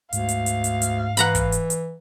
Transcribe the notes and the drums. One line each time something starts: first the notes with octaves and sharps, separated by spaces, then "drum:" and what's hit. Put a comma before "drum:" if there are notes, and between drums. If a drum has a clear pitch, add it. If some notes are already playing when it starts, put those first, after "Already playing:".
D2 G#2 F5, drum: hi-hat
drum: hi-hat
drum: hi-hat
drum: hi-hat
drum: hi-hat
E3 F#5 A#5 B5, drum: hi-hat
drum: kick, hi-hat
drum: hi-hat
drum: hi-hat